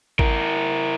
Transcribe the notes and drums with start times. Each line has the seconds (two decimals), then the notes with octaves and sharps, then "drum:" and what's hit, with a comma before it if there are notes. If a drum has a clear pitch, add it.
0.19 E4 A#4, drum: kick G#1